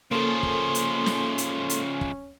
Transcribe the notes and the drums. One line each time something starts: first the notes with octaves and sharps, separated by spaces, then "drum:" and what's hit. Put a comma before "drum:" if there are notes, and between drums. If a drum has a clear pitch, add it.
C#3 F3 A#3 C#4 A4 C6
drum: kick
drum: hi-hat
drum: snare
drum: hi-hat
drum: hi-hat
drum: kick